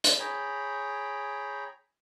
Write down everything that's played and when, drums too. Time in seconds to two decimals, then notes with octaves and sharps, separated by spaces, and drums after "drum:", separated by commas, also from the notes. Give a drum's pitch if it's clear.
0.04 drum: hi-hat
0.20 G#4 C#5 G5 A#5 B5